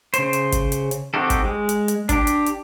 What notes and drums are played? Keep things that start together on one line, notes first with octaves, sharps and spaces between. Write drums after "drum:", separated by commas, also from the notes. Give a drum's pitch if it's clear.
C#3 C5, drum: hi-hat
drum: hi-hat
drum: kick, hi-hat
drum: hi-hat
drum: hi-hat
C4 D#4 F#4 G4 A4
drum: kick, hi-hat
G#3
drum: hi-hat
drum: hi-hat
D4 G4, drum: kick, hi-hat
drum: hi-hat
drum: hi-hat